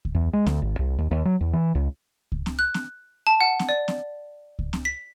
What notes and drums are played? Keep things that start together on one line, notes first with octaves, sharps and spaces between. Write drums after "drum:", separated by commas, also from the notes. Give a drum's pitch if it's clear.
drum: kick C#2
E2
G#3
D2, drum: snare
G#1
C2
D#2
D#2
F#3
E2
E3
C#2
drum: kick C#2
drum: snare
F#6
drum: snare
A5
F#5
drum: snare
D5
drum: snare
drum: kick C#2
drum: snare
B6